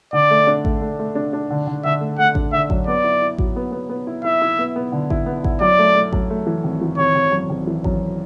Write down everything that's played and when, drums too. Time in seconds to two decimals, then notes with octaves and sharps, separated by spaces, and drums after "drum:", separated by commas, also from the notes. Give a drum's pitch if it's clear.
0.13 D3 D5
0.31 A3
0.47 D4
0.65 A3, drum: kick A1
0.81 A3
0.99 A3
1.15 D4
1.33 D4
1.50 D3
1.67 D3
1.84 D3 E5
2.01 A3
2.18 A3 F#5
2.35 D4, drum: kick A1
2.53 D3 E5
2.70 F#2, drum: kick A1
2.87 B3 D5
3.04 E4
3.22 E4
3.38 F#3, drum: kick A1
3.56 B3
3.72 B3
3.89 B3
4.07 E4
4.24 E4 E5
4.42 E4
4.59 B3
4.76 B3
4.92 D3
5.10 E4, drum: kick A1
5.26 B3
5.44 E4, drum: kick A1
5.61 F#2 D5
5.79 A3
5.96 A3
6.13 F#2, drum: kick A1
6.30 A3
6.47 E3
6.64 G#1
6.81 E3
6.98 G#1 C#5
7.15 G#1
7.32 F#2
7.50 G#1
7.67 E3
7.84 F#2, drum: kick A1